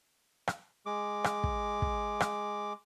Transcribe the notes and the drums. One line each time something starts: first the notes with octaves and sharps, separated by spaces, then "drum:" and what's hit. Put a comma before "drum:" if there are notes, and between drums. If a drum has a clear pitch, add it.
drum: rim click
G#3 D6
drum: rim click
drum: kick
drum: kick
drum: rim click